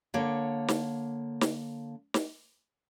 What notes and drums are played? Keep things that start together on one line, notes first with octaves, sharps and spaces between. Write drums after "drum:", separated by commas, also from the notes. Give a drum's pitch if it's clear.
D3 A#3 C#5
drum: snare
drum: snare
drum: snare